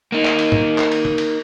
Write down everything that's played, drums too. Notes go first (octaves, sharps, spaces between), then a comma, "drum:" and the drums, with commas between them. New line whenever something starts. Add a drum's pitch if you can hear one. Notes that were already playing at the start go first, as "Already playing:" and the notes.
A#3 D#4
drum: clap
drum: cymbal
drum: tom
drum: clap
drum: cymbal
drum: tom
drum: cymbal